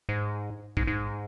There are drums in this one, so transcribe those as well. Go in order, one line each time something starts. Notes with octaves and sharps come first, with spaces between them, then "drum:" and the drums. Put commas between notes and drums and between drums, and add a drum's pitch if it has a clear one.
G#2
G#2, drum: kick A1
G#2